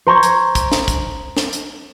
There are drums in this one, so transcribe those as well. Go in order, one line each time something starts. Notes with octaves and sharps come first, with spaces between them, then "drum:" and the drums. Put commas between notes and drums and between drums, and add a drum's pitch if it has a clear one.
C5 A#5 C#6 G#6
drum: hi-hat
drum: kick, hi-hat
drum: snare
drum: kick, hi-hat
drum: snare
drum: hi-hat